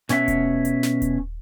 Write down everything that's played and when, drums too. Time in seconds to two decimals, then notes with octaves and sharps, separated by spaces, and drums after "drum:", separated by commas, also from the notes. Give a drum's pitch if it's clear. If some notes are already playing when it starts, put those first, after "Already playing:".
0.09 B2 C#4 F#4 E5 F#5, drum: snare
0.28 drum: kick D#1, hi-hat
0.65 drum: hi-hat
0.83 drum: snare
1.02 drum: kick D#1, hi-hat